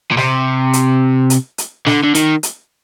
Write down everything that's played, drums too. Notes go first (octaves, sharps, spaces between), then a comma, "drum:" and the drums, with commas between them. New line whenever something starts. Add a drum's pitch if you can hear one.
A#2
C3, drum: snare
drum: hi-hat
drum: hi-hat
drum: hi-hat
D3, drum: snare
D3
D#3, drum: hi-hat
drum: hi-hat